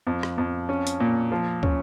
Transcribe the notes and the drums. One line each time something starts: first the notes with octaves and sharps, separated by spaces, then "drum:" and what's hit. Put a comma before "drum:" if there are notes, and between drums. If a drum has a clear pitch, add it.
F2
drum: rim click
F2
C#4
drum: hi-hat
A#2
F3
C#4, drum: kick